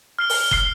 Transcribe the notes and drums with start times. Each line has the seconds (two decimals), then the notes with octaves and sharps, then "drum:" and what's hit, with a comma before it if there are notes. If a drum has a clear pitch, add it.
0.19 F6 C7 G7
0.30 drum: open hi-hat
0.51 F6 C7 G7, drum: kick